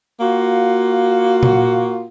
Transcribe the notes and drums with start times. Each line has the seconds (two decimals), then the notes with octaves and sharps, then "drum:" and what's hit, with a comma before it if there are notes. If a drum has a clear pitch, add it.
0.21 A#3 F4 F#4
1.43 drum: tom